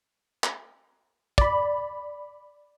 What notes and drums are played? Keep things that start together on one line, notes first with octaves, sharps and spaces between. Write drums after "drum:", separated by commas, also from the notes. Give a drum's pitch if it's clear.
drum: clap
D5 B5, drum: kick